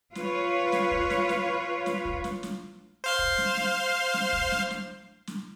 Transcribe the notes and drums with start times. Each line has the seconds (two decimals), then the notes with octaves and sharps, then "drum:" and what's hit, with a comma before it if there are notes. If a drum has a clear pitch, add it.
0.15 F4 B4 C#5, drum: snare
0.72 drum: snare
0.91 drum: kick
1.10 drum: snare
1.29 drum: snare
1.86 drum: snare
2.05 drum: kick
2.24 drum: snare
2.43 drum: snare
3.04 C5 F5 C6
3.19 drum: kick
3.38 drum: snare
3.57 drum: snare
4.14 drum: snare
4.33 drum: kick
4.52 drum: snare
4.71 drum: snare
5.27 drum: snare